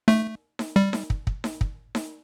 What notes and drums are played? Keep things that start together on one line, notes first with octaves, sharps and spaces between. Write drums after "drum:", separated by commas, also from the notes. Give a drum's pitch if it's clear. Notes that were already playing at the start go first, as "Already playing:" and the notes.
A3, drum: snare D#4
drum: snare D#4
G3
drum: snare D#4
drum: kick
drum: kick
drum: snare D#4
drum: kick
drum: snare D#4